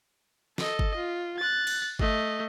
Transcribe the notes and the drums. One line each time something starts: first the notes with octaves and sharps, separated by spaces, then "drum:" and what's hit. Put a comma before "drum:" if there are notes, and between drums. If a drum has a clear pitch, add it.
A4 D#5, drum: snare
drum: kick G1
F4
F#6 A6
drum: cymbal
A3 D#5, drum: kick G1